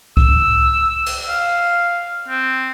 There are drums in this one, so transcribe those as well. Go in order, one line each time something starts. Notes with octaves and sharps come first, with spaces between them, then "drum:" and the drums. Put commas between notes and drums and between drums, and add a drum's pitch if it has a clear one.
E6, drum: kick C2
drum: cymbal
F5
C4